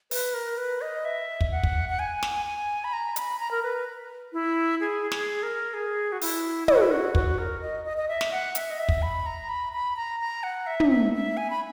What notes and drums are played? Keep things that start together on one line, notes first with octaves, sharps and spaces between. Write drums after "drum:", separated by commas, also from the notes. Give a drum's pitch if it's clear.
B4, drum: open hi-hat
A#4
B4
D#5
E5
drum: kick
F#5
drum: kick
F#5
G#5
drum: snare
G#5
B5
A#5
B5, drum: hi-hat
A#5
A#4
B4
E4
G#4
G#4, drum: snare
A#4
G#4
F#4
E4, drum: open hi-hat
E4, drum: tom
F#4
E4
F#4
F#4, drum: kick
A#4
D#5
D#5
D#5
E5
drum: snare
F#5
E5, drum: hi-hat
D#5
E5
drum: kick
B5
A#5
B5
B5
A#5
A#5
F#5
E5
drum: tom
E5
E5
G#5
B5